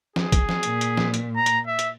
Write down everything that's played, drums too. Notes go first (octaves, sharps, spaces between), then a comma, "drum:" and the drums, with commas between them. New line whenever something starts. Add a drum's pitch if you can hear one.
G#4, drum: snare
drum: kick, hi-hat
drum: snare
A#2, drum: hi-hat
drum: hi-hat
drum: snare
drum: hi-hat
A#5
drum: hi-hat
E5
drum: hi-hat